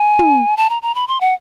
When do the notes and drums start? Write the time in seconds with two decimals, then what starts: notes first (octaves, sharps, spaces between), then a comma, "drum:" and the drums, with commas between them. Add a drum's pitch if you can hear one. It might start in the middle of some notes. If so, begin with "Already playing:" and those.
Already playing: G#5
0.19 drum: tom
0.57 A5
0.70 A#5
0.82 A#5
0.95 B5
1.08 C6
1.21 F#5